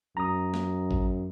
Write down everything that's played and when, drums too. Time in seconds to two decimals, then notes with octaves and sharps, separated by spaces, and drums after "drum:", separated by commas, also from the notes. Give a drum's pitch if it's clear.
0.17 F#2 A#5 D#6
0.54 drum: snare
0.91 drum: kick